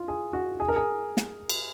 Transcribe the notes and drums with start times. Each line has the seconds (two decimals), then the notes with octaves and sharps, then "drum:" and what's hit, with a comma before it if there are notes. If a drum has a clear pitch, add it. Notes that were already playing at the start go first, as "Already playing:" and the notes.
Already playing: F4
0.08 G#4
0.33 F#4
0.60 G#4
0.68 A#4
0.76 G#4
1.17 drum: snare
1.49 drum: cymbal